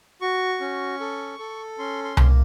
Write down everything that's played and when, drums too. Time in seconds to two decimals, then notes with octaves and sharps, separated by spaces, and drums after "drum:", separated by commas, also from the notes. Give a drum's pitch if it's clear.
0.21 F#4 C#6
0.61 C#4
1.00 A4
1.39 A4
1.78 C#4 C6
2.04 C6
2.17 A#3, drum: tom C2